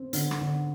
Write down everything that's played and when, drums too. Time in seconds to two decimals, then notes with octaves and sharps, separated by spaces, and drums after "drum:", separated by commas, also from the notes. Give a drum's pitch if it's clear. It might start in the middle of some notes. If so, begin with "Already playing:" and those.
Already playing: C4
0.13 D3, drum: hi-hat
0.31 drum: rim click
0.41 D3